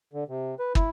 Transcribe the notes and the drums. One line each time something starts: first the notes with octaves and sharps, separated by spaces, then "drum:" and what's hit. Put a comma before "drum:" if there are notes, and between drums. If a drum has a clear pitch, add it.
D3
C3
B4
E4, drum: kick